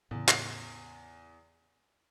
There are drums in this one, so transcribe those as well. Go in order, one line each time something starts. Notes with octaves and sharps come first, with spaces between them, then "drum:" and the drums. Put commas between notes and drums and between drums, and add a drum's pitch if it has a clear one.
E2 A2 C#3
drum: clap